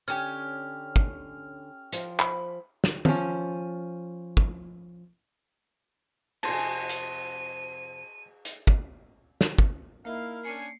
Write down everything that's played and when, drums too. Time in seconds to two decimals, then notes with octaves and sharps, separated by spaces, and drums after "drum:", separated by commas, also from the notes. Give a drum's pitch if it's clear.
0.08 D3 C#4 G4 F6
0.96 drum: kick
1.92 F3 C5, drum: hi-hat
2.19 B5, drum: clap
2.84 drum: snare
3.05 F3 C#4, drum: tom
4.37 drum: kick
6.43 F2 C3 G#4 A5 C6 D#7, drum: cymbal
6.90 drum: hi-hat
8.45 drum: hi-hat
8.67 drum: kick
9.41 drum: snare
9.59 drum: kick
10.05 A#3 D#4 E4 A#4 E5 F5
10.44 C#4 D4 G#5 C7 C#7